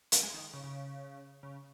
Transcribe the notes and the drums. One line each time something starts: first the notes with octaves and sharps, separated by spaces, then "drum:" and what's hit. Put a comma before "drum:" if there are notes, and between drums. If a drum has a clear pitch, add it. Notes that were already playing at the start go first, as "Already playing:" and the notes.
drum: hi-hat
G#3
D#3
C#3
C#3
C#3